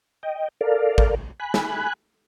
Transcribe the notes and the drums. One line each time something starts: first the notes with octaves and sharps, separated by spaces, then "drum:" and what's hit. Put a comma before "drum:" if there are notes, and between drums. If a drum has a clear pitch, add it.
D#5 G5
A4 A#4 D5 F5
drum: kick G#1
G#5 B5 F#6
drum: snare